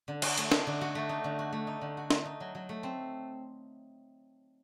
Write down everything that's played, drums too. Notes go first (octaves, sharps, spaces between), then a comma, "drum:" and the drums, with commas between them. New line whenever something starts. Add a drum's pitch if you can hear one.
D3
F#4, drum: cymbal
A3, drum: hi-hat
D#4, drum: snare
D3
F#4
A3
D#4
D3
F#4
A3
D#4
D3
F#4
A3, drum: snare
D#4
F#3
F#3
A3
C4